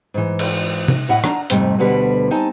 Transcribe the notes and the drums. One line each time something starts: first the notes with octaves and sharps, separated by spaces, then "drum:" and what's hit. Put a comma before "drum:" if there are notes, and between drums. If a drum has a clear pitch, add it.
G#2 E3
drum: cymbal
drum: tom C3
A2 E4 D#5 E5 F#5
D4 A#5, drum: rim click
F2 G#2 C3 G3 A3, drum: hi-hat
D2 B2 D3 G3 B4
C4 D#4 G#5 A5